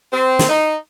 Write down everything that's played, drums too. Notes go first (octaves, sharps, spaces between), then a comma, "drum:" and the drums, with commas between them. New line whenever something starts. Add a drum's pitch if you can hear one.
C4
drum: snare
D#4